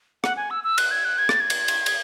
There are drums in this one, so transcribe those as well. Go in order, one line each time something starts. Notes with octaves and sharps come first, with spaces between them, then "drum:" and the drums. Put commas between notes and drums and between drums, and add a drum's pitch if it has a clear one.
F#5, drum: rim click
G#5
E6
E6
F#6, drum: cymbal
G#6
F#6
G#6
A6, drum: rim click
G#6
drum: cymbal
drum: cymbal
drum: cymbal